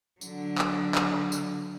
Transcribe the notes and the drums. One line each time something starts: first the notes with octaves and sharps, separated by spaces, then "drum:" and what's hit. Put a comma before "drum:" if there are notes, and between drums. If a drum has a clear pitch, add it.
D3 F#3, drum: tambourine
drum: clap
drum: clap
drum: tambourine